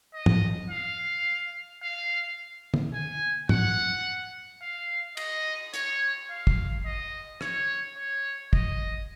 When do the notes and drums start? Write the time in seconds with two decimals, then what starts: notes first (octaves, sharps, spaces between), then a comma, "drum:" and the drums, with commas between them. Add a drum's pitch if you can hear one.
0.13 D#5
0.26 drum: tom
0.70 F5
1.82 F5
2.74 drum: tom
2.93 G#5
3.49 F#5, drum: tom
4.62 F5
5.17 D#5, drum: cymbal
5.74 C#5, drum: hi-hat
6.29 F5
6.47 drum: kick
6.85 D#5
7.41 C#5, drum: rim click
7.97 C#5
8.53 D#5, drum: kick